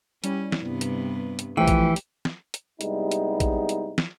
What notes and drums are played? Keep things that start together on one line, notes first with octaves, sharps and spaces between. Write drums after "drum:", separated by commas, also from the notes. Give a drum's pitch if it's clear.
G3 C#4 E4, drum: hi-hat
drum: snare
G2 C3 B3
drum: hi-hat
drum: hi-hat
A#1 E3 F3 A3 G4 G5
drum: kick, hi-hat
drum: hi-hat
drum: snare
drum: hi-hat
C3 G3 G#3 B3 D#4 E4, drum: hi-hat
drum: hi-hat
drum: kick, hi-hat
drum: hi-hat
drum: snare